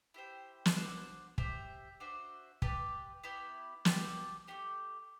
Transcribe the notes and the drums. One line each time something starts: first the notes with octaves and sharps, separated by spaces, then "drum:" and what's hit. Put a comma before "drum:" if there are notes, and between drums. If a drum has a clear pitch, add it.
E4 G4 C5 G5
drum: snare
D4 F#4 C5 F#5
G4 C5 E5 G5, drum: kick
D4 F#4 C5 E5
G4 B4 D5 A5, drum: kick
B3 E4 G4 D5
G4 D5 F#5 A5, drum: snare
A3 D4 G4 D5